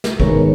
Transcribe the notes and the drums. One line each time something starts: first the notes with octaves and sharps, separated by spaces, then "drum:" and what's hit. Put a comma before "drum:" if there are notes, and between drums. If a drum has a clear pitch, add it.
drum: snare
G#2 D#3 G#3 B3 A#4 C#5, drum: kick